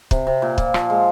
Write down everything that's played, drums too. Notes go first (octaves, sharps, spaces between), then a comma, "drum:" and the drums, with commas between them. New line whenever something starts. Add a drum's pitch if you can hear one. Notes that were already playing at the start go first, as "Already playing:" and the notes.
C3, drum: kick
C3
A#2
A#2, drum: kick
F3, drum: rim click
G#3